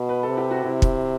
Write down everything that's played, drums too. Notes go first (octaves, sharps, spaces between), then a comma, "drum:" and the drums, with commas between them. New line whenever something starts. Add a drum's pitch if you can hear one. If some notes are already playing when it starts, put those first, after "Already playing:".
Already playing: B2
B4
A4
C3
G4
F#4
C3 E4
drum: kick